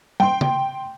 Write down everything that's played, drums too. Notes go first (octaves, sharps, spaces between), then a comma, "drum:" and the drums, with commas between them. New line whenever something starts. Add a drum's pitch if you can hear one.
G5 C6, drum: tom
drum: tom C#3